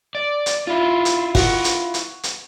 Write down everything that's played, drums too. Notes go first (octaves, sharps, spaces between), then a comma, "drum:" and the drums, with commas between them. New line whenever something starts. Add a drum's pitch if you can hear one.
D5
drum: hi-hat
E4 F4
drum: hi-hat
F#4, drum: kick, open hi-hat
drum: hi-hat
drum: hi-hat
drum: hi-hat